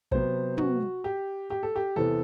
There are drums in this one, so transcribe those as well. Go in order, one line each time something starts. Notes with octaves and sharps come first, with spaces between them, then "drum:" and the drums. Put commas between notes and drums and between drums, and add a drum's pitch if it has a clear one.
C3 F#3 B3 C5, drum: kick
F#4, drum: tom
G4
G4
A4
G4
E2 C3 E3 B3 A4